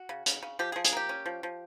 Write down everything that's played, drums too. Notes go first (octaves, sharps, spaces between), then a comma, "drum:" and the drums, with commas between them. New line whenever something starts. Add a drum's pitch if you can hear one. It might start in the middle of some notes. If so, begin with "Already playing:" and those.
Already playing: F#4
C#3
C#3, drum: hi-hat
C#3
F3 G4
G#4
F3
G#4, drum: hi-hat
A#3 G4
C#4
F3
F3